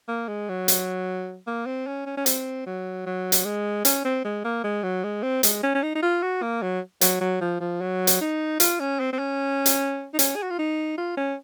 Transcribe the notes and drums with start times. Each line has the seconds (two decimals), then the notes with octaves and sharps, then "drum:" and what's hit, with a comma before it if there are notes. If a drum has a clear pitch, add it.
0.08 A#3
0.28 G#3
0.49 F#3
0.68 drum: hi-hat
1.47 A#3
1.66 C4
1.87 C#4
2.06 C#4
2.17 C#4
2.26 C4, drum: hi-hat
2.66 F#3
3.06 F#3
3.32 drum: hi-hat
3.45 G#3
3.85 C#4, drum: hi-hat
4.05 C4
4.24 G#3
4.44 A#3
4.64 G#3
4.83 F#3
5.04 G#3
5.23 C4
5.43 G#3, drum: hi-hat
5.63 C#4
5.75 C#4
5.83 D#4
5.95 D#4
6.02 F4
6.22 F#4
6.42 A#3
6.62 F#3
7.01 F#3, drum: hi-hat
7.21 F#3
7.41 F3
7.61 F3
7.81 F#3
8.07 drum: hi-hat
8.21 D#4
8.60 F4, drum: hi-hat
8.80 C#4
9.00 C4
9.13 C4
9.19 C#4
9.66 drum: hi-hat
10.14 D#4
10.19 C#4, drum: hi-hat
10.36 G#4
10.43 F#4
10.50 F4
10.58 D#4
10.98 F4
11.17 C#4